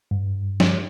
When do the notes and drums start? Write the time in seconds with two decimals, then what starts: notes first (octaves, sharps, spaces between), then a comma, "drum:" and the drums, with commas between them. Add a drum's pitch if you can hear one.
0.11 G2
0.60 drum: snare